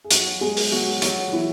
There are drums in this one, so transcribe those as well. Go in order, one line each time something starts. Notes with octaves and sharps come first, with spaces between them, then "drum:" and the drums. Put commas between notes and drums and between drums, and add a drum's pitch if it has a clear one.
G#4
F#3 F#4, drum: hi-hat
G#3 G#4
drum: open hi-hat
F#3 F#4
F#3 F#4, drum: hi-hat
E3 E4